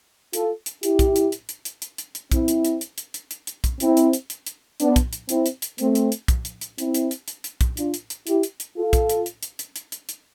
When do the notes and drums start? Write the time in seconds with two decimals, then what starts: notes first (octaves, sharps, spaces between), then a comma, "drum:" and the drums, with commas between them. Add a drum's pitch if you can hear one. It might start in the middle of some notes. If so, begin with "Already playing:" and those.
0.33 F4 A4, drum: hi-hat
0.66 drum: hi-hat
0.83 E4 G4, drum: hi-hat
0.99 drum: kick, hi-hat
1.16 drum: hi-hat
1.32 drum: hi-hat
1.49 drum: hi-hat
1.65 drum: hi-hat
1.82 drum: hi-hat
1.98 drum: hi-hat
2.15 drum: hi-hat
2.32 C4 E4, drum: kick, hi-hat
2.48 drum: hi-hat
2.65 drum: hi-hat
2.81 drum: hi-hat
2.98 drum: hi-hat
3.14 drum: hi-hat
3.31 drum: hi-hat
3.47 drum: hi-hat
3.64 drum: kick, hi-hat
3.80 C4 E4, drum: hi-hat
3.97 drum: hi-hat
4.13 drum: hi-hat
4.30 drum: hi-hat
4.46 drum: hi-hat
4.80 B3 D4, drum: hi-hat
4.96 drum: kick, hi-hat
5.13 drum: hi-hat
5.29 C4 E4, drum: hi-hat
5.46 drum: hi-hat
5.62 drum: hi-hat
5.78 A3 C4, drum: hi-hat
5.95 drum: hi-hat
6.12 drum: hi-hat
6.28 drum: kick, hi-hat
6.45 drum: hi-hat
6.61 drum: hi-hat
6.78 C4 E4, drum: hi-hat
6.95 drum: hi-hat
7.11 drum: hi-hat
7.28 drum: hi-hat
7.44 drum: hi-hat
7.61 drum: kick, hi-hat
7.77 D4 F4, drum: hi-hat
7.94 drum: hi-hat
8.10 drum: hi-hat
8.27 E4 G4, drum: hi-hat
8.43 drum: hi-hat
8.60 drum: hi-hat
8.76 F4 A4
8.93 drum: kick, hi-hat
9.09 drum: hi-hat
9.26 drum: hi-hat
9.43 drum: hi-hat
9.59 drum: hi-hat
9.76 drum: hi-hat
9.92 drum: hi-hat
10.09 drum: hi-hat